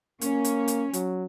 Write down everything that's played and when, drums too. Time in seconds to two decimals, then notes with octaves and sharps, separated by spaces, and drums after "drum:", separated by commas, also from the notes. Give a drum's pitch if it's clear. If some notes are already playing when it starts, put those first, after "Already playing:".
0.21 A#3 C#4, drum: hi-hat
0.44 drum: hi-hat
0.68 drum: hi-hat
0.93 F#3, drum: hi-hat